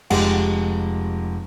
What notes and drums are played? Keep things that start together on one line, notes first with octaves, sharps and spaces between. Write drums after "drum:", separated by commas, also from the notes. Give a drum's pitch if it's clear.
F1 G#3 G4 F#5, drum: cymbal